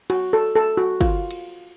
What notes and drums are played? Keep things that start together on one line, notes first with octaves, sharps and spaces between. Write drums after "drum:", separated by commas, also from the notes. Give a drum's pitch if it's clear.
F#4, drum: cymbal
A4
A4
F#4
F4, drum: kick, cymbal
drum: cymbal